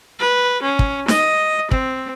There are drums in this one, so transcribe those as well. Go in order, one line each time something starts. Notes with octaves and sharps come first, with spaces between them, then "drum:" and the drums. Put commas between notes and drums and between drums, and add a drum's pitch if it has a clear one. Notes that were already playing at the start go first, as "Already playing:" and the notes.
B4
C#4
drum: kick
D#5, drum: snare
C4, drum: kick